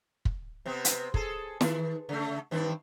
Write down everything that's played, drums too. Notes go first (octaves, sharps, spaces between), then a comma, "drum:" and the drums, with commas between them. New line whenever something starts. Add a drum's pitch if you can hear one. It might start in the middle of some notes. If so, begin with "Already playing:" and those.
drum: kick
C3 B3 C4
drum: hi-hat
G#4 A4, drum: kick
D#3, drum: snare
C#3 A3
G2 D#3 C4